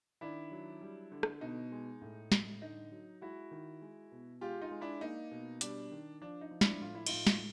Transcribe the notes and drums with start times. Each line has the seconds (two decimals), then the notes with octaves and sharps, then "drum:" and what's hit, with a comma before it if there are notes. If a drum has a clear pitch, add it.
0.21 D#3 D4 E4
0.51 F#3
0.81 G3
1.12 D3
1.23 drum: rim click
1.41 B2 D#4
1.72 G#3
2.01 A2
2.32 A2, drum: snare
2.61 D3 D#4
2.91 F#3
3.22 G#3 E4 F#4
3.51 D#3
3.82 G#3
4.12 B2
4.41 G#3 F4 G4
4.61 D#4 F4
4.71 G#3
4.81 D4 E4
5.01 A#3 D#4
5.31 B2
5.61 G3 D4, drum: hi-hat
5.92 D#3
6.22 F3 D4
6.41 D#4
6.51 F3
6.61 D4 E4, drum: snare
6.81 A2 F4
6.95 E4
7.06 A2 D#4 F4, drum: cymbal
7.27 drum: snare